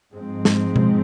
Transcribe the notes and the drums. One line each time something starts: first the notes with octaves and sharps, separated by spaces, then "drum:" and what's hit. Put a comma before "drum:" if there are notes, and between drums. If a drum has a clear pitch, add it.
G#2 F3 G#3 C4
drum: snare
drum: tom B2